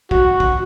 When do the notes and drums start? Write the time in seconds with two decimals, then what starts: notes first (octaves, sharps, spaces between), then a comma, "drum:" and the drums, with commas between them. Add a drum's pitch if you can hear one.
0.11 F#4, drum: kick
0.40 drum: kick